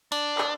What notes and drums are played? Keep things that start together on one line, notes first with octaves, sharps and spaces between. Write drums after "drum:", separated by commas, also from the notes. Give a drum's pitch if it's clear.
D4, drum: cymbal
drum: clap